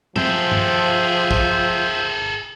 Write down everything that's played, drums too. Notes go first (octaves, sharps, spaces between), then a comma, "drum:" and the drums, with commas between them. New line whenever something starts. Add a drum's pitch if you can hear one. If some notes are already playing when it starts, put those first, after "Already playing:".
F3 G#4 A4 C5 E5 G5, drum: tom
drum: tom G2
drum: kick